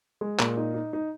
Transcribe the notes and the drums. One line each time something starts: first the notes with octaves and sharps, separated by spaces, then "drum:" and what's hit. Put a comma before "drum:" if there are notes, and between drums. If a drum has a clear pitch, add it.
G#3
A#2, drum: clap
D#4
D#4
D#4